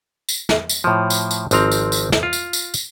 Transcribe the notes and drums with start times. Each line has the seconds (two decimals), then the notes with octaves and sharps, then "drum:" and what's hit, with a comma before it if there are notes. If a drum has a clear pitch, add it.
0.29 drum: tambourine
0.49 drum: snare
0.69 drum: tambourine
0.84 A2 F3
1.10 drum: tambourine
1.31 drum: tambourine
1.51 G#1 F3 C4 A#5, drum: tambourine
1.72 drum: tambourine
1.92 drum: tambourine
2.12 drum: snare
2.23 F4
2.33 drum: tambourine
2.53 drum: tambourine
2.74 drum: tambourine